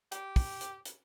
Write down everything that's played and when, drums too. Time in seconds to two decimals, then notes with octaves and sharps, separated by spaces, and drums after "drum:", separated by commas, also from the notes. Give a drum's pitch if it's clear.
0.12 G4, drum: hi-hat
0.36 drum: kick, open hi-hat
0.61 drum: hi-hat
0.85 drum: hi-hat